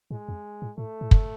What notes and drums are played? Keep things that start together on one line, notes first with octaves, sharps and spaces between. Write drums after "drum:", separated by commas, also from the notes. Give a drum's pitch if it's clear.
A2 G#3
F2
A2
A2 A3
A2
drum: kick